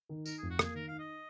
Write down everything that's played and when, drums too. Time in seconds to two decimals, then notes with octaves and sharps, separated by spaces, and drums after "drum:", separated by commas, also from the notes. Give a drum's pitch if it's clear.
0.09 D#3
0.26 D#4 A#4, drum: tambourine
0.38 F2 G#4
0.50 F#4
0.59 A#3 G#4, drum: rim click
0.74 D#3 A#4
0.88 D#4 F5
0.99 D#5